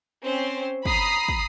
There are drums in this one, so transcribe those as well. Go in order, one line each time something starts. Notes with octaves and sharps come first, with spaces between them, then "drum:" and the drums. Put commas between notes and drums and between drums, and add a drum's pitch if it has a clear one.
C4 C#4 C5
A#5 B5 D#6 B6 C7, drum: kick
drum: kick